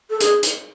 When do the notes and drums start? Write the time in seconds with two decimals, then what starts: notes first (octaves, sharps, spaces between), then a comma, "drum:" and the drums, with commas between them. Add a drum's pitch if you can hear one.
0.10 A4
0.20 G#4, drum: hi-hat
0.43 drum: hi-hat